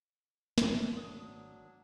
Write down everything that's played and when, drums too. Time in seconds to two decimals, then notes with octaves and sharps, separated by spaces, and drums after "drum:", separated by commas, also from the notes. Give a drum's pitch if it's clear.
0.58 G#1, drum: snare
0.97 F#3 D4 D#6